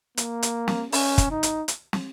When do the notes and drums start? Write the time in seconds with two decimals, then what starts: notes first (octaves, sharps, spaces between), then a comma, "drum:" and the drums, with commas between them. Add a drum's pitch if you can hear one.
0.17 A#3, drum: hi-hat
0.43 drum: hi-hat
0.68 drum: snare
0.92 C#4, drum: open hi-hat
1.18 drum: kick, hi-hat
1.31 D#4
1.43 drum: hi-hat
1.68 drum: hi-hat
1.93 drum: snare